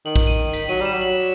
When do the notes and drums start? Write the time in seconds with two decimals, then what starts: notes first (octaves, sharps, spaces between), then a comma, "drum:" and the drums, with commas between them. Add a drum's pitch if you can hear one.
0.05 D#3 F#7
0.16 F#7, drum: kick A#1
0.27 D#7
0.53 B6, drum: hi-hat
0.69 F#3 D#7
0.81 G3 E7
0.94 F#3
1.01 F#7